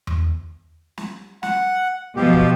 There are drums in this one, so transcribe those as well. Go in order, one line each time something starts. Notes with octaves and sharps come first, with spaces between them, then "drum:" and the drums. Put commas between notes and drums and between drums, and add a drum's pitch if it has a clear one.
drum: tom E2
drum: snare
F#5, drum: snare
B2 F3 G4
drum: kick